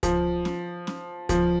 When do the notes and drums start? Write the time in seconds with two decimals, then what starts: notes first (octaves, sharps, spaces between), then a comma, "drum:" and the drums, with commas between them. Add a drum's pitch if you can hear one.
0.03 F3, drum: kick C#2, hi-hat
0.45 drum: snare C#4
0.87 drum: snare C#4
1.29 F3, drum: kick C#2, hi-hat